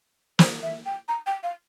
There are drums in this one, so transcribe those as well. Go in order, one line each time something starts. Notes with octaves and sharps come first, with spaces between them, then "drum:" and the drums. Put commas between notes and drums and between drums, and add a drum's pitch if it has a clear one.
C5, drum: snare
E5
G5
A#5
G5
F5